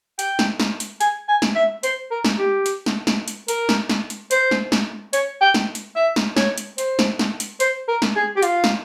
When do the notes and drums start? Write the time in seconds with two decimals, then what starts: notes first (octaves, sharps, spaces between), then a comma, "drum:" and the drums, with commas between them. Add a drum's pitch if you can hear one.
0.19 G5, drum: hi-hat
0.39 drum: snare
0.60 drum: snare
0.80 drum: hi-hat
1.01 G#5, drum: hi-hat
1.28 G#5
1.42 drum: snare
1.56 E5
1.83 C5, drum: hi-hat
2.11 A#4
2.25 drum: snare
2.38 G4
2.66 drum: hi-hat
2.86 drum: snare
3.07 drum: snare
3.28 drum: hi-hat
3.48 A#4, drum: hi-hat
3.69 drum: snare
3.89 drum: snare
4.10 drum: hi-hat
4.31 C5, drum: hi-hat
4.51 drum: snare
4.72 drum: snare
5.13 C#5, drum: hi-hat
5.41 G5
5.54 drum: snare
5.75 drum: hi-hat
5.96 E5
6.16 drum: snare
6.37 C#5, drum: snare
6.58 drum: hi-hat
6.78 C5, drum: hi-hat
6.99 drum: snare
7.19 drum: snare
7.40 drum: hi-hat
7.60 C5, drum: hi-hat
7.88 A#4
8.02 drum: snare
8.16 G#4
8.36 G4
8.43 F4, drum: hi-hat
8.64 drum: snare